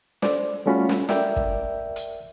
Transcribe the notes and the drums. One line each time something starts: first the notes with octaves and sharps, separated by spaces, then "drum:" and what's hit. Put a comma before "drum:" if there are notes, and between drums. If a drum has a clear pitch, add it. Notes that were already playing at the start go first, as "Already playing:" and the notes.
C5 D5, drum: snare
G3 A3 C#4 F4 F#4 B5
drum: snare
A#4 D5 E5 G5, drum: snare
drum: kick
drum: hi-hat